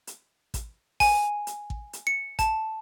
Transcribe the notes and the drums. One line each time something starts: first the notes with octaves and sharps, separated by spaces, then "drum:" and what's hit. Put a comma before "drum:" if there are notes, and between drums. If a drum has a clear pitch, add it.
drum: hi-hat
drum: kick A1, hi-hat
G#5, drum: kick A1, open hi-hat
drum: hi-hat
drum: kick A1
drum: hi-hat
C#7
A5, drum: kick A1, hi-hat